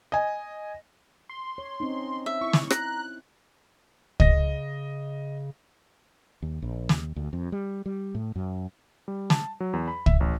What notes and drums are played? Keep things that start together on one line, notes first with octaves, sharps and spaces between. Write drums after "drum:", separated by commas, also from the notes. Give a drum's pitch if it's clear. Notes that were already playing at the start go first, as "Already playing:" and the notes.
D#5 G#5
C6
C#5
C4 C#4 D#4
E5
E4 C#6
drum: snare
A#5 F#6, drum: rim click
C#3 D#5 A#6, drum: kick
D#2
A#1
D#2, drum: snare
D2
F2
G3
G3
A2
F#2
G3
A5, drum: snare
F#3
E2
B5
E5, drum: kick
A1